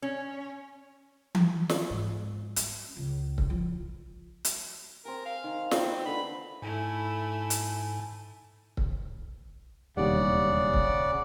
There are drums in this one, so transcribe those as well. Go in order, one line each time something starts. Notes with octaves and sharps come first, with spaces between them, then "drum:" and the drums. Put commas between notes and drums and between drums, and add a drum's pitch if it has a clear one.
C#4
drum: tom E3
drum: snare
G#2
C#4, drum: hi-hat
C#2
drum: kick C#1
E2 F3
drum: hi-hat
C4 G#4 A#4
F5
D#3
A#3 C4 B4 G5, drum: snare
B4
D3 E3 B5
G#2 A3 E4 G#5
drum: hi-hat
drum: kick C#1
E1 D#2 C#3 G3 D5 F#5
drum: kick C#1